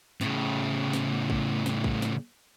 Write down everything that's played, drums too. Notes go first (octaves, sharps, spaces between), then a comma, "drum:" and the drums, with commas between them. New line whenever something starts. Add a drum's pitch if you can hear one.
A2 C#3, drum: snare
drum: snare
drum: kick A1
drum: snare
drum: kick A1
drum: snare